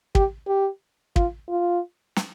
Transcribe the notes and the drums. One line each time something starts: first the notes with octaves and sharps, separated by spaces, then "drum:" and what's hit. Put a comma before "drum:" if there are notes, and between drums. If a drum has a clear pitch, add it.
G4, drum: kick
G4
F4, drum: kick
F4
drum: snare